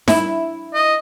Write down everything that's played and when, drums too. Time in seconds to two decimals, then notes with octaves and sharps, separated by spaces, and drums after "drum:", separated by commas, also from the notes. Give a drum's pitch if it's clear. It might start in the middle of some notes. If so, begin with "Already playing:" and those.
0.08 E4, drum: snare D#4
0.74 D#5